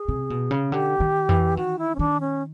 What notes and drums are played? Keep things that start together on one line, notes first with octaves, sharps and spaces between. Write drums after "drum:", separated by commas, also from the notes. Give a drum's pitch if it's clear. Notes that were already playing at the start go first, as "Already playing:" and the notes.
Already playing: G#4
C3
B2
C#3
D3 G4
D#3
E3, drum: tom F2
D#3 F#4
E4
C#4
D#3 D4
C#4